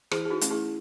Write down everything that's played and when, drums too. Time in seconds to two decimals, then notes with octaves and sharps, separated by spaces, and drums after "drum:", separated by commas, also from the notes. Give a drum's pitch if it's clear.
0.11 E3 E4 G#4, drum: rim click
0.25 G#4
0.30 D#4 F#4
0.41 A3 C#4, drum: hi-hat
0.50 E4 G#4